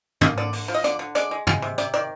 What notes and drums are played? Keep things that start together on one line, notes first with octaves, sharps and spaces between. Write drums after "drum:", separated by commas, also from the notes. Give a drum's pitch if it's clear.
A#3 D#5, drum: tom
D3 D5
D3, drum: open hi-hat
F3
D#5
D3 D5, drum: hi-hat
D3
G#3 D5, drum: hi-hat
G#3
G#3, drum: tom
C3
C3 D5, drum: hi-hat
D#3 D5